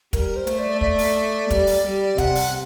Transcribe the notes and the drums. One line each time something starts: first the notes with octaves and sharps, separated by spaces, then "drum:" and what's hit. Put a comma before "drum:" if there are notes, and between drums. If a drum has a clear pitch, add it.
G3 A#4, drum: kick, hi-hat
C5
A3, drum: hi-hat
D5
D5, drum: kick
drum: open hi-hat
G3, drum: kick, hi-hat
drum: open hi-hat
G3
C3 F#5, drum: kick, hi-hat
drum: open hi-hat